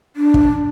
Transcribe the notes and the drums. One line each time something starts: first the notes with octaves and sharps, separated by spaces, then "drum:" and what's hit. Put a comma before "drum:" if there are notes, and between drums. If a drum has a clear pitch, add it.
D4
drum: kick